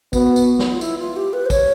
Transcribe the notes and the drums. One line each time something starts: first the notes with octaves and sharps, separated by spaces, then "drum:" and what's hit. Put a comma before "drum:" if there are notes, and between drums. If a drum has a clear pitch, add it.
B3 F#4, drum: kick, tambourine
drum: tambourine
drum: snare
F4
E4, drum: tambourine
F4
G4
B4
C5
C#5, drum: kick, tambourine